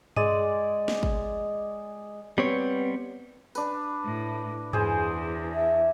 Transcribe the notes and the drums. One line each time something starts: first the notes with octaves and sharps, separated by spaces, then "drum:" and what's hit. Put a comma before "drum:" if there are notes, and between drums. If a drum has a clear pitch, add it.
G#3 G#4 D5 D#5, drum: tom G2
drum: snare
drum: kick
G3 B3 C4 C#5
D4 B4, drum: tambourine
A2
E2 G#4 C5 G#5, drum: tom G2
E5